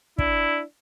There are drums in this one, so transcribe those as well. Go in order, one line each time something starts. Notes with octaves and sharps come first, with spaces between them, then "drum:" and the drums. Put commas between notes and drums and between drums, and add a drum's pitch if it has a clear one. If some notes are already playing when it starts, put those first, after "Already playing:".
D4 E4, drum: kick